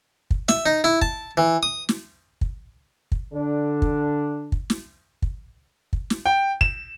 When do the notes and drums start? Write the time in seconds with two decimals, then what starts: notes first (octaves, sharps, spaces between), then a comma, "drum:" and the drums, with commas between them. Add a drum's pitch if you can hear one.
0.31 drum: kick
0.49 E5, drum: snare
0.66 D#4
0.84 E4
1.02 A5, drum: kick
1.37 E3
1.63 D#6
1.89 drum: snare
2.41 drum: kick
3.12 drum: kick
3.32 D3 D4
3.82 drum: kick
4.52 drum: kick
4.70 drum: snare
5.22 drum: kick
5.93 drum: kick
6.10 drum: snare
6.26 G5
6.61 E7, drum: kick